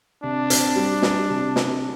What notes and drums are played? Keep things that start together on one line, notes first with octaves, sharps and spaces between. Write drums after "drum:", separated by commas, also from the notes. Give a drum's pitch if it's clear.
C3 D4
C4, drum: hi-hat
G3
G3, drum: snare
C3
C3, drum: snare